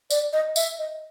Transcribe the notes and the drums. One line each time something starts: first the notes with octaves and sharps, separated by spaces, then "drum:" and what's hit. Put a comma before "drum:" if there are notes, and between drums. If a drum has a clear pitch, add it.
D5, drum: tambourine
D#5
E5, drum: tambourine
D#5